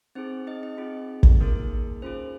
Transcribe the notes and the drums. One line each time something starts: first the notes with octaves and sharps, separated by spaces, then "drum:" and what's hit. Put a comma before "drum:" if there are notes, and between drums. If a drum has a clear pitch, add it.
C4 D#4 G#4 C5
D#4 D#5
D#4 D#5
C4 F4 G#4
drum: kick
A#3 D#4 G#4 A#4
C#4 F4 G#4 C5